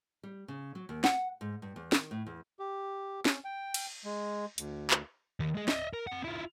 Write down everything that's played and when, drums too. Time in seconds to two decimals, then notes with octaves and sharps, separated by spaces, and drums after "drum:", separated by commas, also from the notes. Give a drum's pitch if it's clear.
0.23 G3
0.48 C#3
0.75 F#3
0.89 D#2
1.04 F#5, drum: snare
1.41 G#2
1.62 G2
1.76 E2
1.92 D#3, drum: snare
2.11 A2
2.26 E2
2.59 G4
3.25 C#4, drum: snare
3.44 G5
3.74 drum: cymbal
4.04 G#3
4.58 D2, drum: hi-hat
4.91 drum: clap
5.40 D#3 G4
5.55 G#3 G#4
5.68 D#5 E5, drum: snare
5.93 A#4
6.07 C4 F#5
6.24 E4 F4